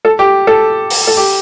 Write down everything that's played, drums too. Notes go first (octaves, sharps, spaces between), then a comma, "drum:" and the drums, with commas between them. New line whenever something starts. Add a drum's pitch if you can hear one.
A4
G4
A4
drum: open hi-hat
A4
G4